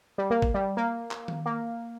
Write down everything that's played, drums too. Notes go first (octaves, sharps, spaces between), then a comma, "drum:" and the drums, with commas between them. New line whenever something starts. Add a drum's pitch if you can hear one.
G3
A#3
drum: kick
G3
A#3
drum: clap
drum: tom D#3
A#3